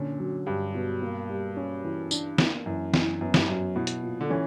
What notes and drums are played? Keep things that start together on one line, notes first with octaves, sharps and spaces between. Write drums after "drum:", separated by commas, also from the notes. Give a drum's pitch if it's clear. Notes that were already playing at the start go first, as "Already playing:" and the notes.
Already playing: A#2 D3 C#4
F#3
G2 G4
B2
A#3
G3
C#4
E3
D4, drum: tambourine
A#3, drum: snare
F#2 E3
E3, drum: snare
F#2 B3
G2, drum: snare
F#2 F#3
B2 E4
drum: hi-hat
A#2
D3
E3 C#4